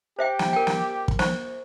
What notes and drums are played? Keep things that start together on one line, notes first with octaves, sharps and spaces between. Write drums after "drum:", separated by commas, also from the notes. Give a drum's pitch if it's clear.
G4 C5 E5 G5
drum: snare
A#4 G5
drum: snare
drum: kick
C5 C#6, drum: snare